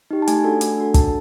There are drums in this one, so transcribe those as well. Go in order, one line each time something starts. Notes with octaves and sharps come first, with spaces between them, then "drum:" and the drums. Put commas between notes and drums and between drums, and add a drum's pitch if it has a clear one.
D#4 G4
A5
A3 G#5, drum: hi-hat
D4 F#4 A4
A3, drum: hi-hat
D4 F#4 A4
D4 A5, drum: kick, hi-hat